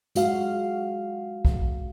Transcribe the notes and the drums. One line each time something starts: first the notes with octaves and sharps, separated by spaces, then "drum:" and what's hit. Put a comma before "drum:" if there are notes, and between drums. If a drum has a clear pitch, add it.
G#3 F#4 F5, drum: hi-hat
drum: kick